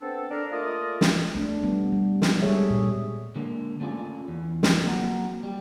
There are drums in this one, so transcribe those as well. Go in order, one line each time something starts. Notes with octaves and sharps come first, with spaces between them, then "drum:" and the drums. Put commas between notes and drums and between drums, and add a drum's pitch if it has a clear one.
B3 C4 D4 A4
D4 A4 A#4
A3 A#3 F4 A#4 D5 D#5
drum: snare
A3 D4
G3 B3
G3
drum: snare
G3 G#3 G#4 A4 C#5 E5
A#2
D3 G#3 A#3
A3 C#4 F4 G#4 D5
E2
drum: snare
F#3 A#3 C4 F#4 A#5
G3